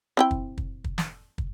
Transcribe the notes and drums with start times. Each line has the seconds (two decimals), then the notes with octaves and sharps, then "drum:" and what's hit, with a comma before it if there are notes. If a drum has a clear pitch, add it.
0.17 C4 E4 G5
0.31 drum: kick
0.58 drum: kick
0.84 drum: kick
0.98 drum: snare
1.38 drum: kick